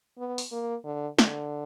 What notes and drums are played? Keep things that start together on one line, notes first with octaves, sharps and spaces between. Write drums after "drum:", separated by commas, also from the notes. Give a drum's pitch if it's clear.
B3
drum: open hi-hat
A#3
D3
D3, drum: snare